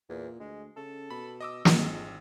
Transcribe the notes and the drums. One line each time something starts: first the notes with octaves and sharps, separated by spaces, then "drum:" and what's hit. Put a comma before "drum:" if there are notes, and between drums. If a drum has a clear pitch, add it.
E2 A#2
D2 G#3
C#3 A4
B2 B5
D#5 D6 E6
G#1 F2 G#3, drum: snare